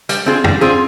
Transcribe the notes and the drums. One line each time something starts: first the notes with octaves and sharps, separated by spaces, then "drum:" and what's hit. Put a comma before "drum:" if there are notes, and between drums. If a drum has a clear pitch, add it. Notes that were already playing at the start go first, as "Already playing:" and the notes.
G3, drum: hi-hat
C4 F4 G#4
G3, drum: tom
C4 F4 G#4